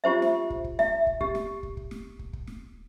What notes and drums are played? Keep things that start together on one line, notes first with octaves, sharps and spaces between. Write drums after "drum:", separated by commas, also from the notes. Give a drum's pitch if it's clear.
F4 G4 C5 E5
drum: snare
drum: kick
drum: kick
E5, drum: snare
drum: kick
G4, drum: kick
drum: snare
drum: kick
drum: kick
drum: snare
drum: kick
drum: kick
drum: snare